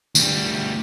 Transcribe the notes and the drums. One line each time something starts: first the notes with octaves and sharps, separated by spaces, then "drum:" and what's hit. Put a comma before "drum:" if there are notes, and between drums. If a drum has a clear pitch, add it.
D2 G3, drum: tambourine